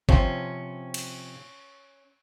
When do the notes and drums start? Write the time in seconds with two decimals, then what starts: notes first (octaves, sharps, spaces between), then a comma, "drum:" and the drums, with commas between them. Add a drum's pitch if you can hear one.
0.09 C3 F3 C4 C#4, drum: kick G#1
0.94 drum: cymbal